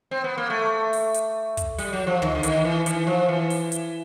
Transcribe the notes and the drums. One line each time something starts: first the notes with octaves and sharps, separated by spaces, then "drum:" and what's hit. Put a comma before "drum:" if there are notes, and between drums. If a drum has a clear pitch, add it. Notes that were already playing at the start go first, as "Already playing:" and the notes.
C4
B3
A#3
A3
drum: open hi-hat
drum: hi-hat
drum: kick, hi-hat
G3, drum: open hi-hat
F#3
F3
D#3, drum: tom
D3
D#3, drum: hi-hat
E3
E3, drum: hi-hat
F3
E3
drum: open hi-hat
drum: hi-hat